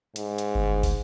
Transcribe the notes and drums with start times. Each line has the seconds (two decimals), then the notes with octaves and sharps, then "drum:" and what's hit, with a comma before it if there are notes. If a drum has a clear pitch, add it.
0.16 G#2, drum: hi-hat
0.38 drum: hi-hat
0.55 G1
0.83 drum: kick, open hi-hat